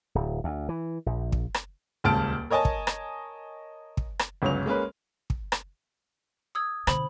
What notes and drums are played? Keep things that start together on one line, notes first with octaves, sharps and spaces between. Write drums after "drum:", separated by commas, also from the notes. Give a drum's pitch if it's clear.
D1
D2
E3
A#1
drum: kick
drum: rim click
D#1 C#2 A5 F6 D7
A#4 C#5 D#5 G#5 A5
drum: kick
drum: rim click
drum: kick
drum: rim click
G1 C#2 F#3 C#4 F7
G#3 A#3 C#4 B4
drum: kick
drum: rim click
D#6 E6 G#6
B2 D3 C5 B5, drum: rim click